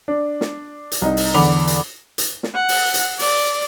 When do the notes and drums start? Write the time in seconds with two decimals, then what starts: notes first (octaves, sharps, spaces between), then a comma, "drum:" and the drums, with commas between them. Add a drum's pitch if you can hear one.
0.08 D4
0.41 drum: snare
0.92 drum: hi-hat
1.02 C2 D#4
1.17 drum: open hi-hat
1.34 E2 D3 F#5 B5 D6 F7
1.67 drum: hi-hat
2.18 drum: hi-hat
2.43 drum: snare
2.54 F#5
2.69 drum: open hi-hat
2.94 drum: hi-hat
3.19 D5, drum: open hi-hat